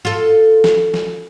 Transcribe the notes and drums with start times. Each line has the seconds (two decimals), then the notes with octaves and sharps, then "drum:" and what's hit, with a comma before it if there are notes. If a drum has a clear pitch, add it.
0.05 F4 A4
0.64 drum: snare
0.94 drum: snare